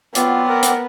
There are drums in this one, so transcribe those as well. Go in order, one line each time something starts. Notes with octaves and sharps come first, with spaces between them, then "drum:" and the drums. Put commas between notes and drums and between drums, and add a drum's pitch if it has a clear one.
F#3 B3 C4 F4 D5, drum: hi-hat
A#4 F#5
drum: hi-hat